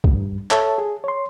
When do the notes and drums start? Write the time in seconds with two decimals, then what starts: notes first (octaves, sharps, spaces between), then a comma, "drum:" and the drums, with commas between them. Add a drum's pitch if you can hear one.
0.04 drum: kick
0.14 G2
0.51 A4 C#5 E5 A5, drum: clap
0.78 G#4
1.04 C#5 C6